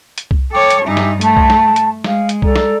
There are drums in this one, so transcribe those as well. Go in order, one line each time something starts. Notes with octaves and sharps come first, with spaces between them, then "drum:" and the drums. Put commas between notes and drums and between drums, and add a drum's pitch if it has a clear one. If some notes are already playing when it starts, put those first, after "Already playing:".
drum: hi-hat
drum: kick C2
A4 C#5 G5 D6
drum: hi-hat
G2 D#4 G4 E5 G#5
drum: snare
A3 A5, drum: hi-hat
drum: kick C2
drum: snare
drum: hi-hat
G#3 F5, drum: snare
drum: hi-hat
A4 D5 A#5, drum: kick C2
drum: snare